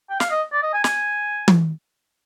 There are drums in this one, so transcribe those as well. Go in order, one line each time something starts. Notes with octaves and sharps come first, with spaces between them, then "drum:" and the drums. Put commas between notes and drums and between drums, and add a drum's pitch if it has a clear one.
G5
F5, drum: snare
D#5
D5
D#5
G#5
G#5, drum: snare
drum: tom